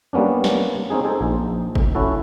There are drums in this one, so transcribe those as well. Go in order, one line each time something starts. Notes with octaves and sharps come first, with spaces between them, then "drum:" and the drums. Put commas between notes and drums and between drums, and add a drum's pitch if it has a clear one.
G3 A#3 B3 C#4 D4
drum: snare
C4 C#4 D#4 G#4
D#4 G#4 A4 C5
A#1
drum: kick
C#4 E4 F#4 A4